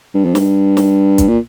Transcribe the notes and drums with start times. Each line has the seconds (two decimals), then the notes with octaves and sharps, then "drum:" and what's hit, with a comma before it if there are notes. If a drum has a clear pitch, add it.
0.14 G2
0.26 F2
0.35 G2, drum: snare
0.77 drum: snare
1.18 drum: kick, hi-hat
1.28 A#2